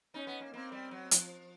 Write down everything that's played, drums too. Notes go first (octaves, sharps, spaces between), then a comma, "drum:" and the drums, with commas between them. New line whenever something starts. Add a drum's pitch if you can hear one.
C#4 D#4
B3
A#3
A#3 C4
G3
F#3
F3, drum: hi-hat